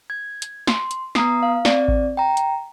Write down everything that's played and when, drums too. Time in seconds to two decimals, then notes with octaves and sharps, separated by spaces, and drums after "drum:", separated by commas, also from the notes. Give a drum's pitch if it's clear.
0.10 G#6
0.42 drum: hi-hat
0.67 C6, drum: snare
0.91 drum: hi-hat
1.15 B3 A#5 D#6 C7, drum: snare
1.43 F5
1.65 C4 D5, drum: snare
1.88 drum: kick A1
2.17 G5 A#5
2.37 drum: hi-hat